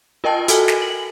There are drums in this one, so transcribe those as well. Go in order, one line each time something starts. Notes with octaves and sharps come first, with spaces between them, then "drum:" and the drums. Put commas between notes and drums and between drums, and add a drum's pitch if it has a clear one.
F4 A#4 D#5 G5 A5
F#4 A4 G#5, drum: hi-hat
drum: snare
F#7